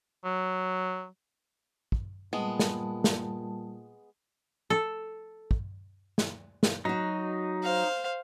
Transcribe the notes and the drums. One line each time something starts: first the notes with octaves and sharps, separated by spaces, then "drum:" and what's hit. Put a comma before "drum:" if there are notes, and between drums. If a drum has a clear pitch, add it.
F#3
drum: kick
A#2 G3 G#3 B3 A5
drum: snare
drum: snare
A4
drum: kick
drum: snare
drum: snare
F#3 D#4 F#4
C5 F5